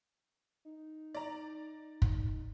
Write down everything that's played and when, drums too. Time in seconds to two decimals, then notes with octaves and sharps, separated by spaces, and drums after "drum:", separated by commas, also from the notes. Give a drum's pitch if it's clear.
0.65 D#4
1.15 D5 A#5
2.02 drum: kick